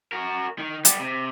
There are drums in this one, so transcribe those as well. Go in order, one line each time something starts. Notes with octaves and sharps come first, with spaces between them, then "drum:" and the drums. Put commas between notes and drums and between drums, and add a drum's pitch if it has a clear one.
F#4 A#4
D#3
G3 B3, drum: hi-hat
C3